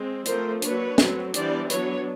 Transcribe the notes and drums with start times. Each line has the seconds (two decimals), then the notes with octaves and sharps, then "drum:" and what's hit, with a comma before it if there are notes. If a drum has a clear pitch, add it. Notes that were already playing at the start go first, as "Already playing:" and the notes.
Already playing: G#3 C4
0.25 F3 A3 C4 A#4 C5, drum: hi-hat
0.62 F#3 A#3 D4 B4 C#5, drum: hi-hat
0.98 F#3 A3 C4, drum: snare
1.34 E3 G3 B3 D4 C5 D5, drum: hi-hat
1.70 F#3 B3 D4 B4 C#5, drum: hi-hat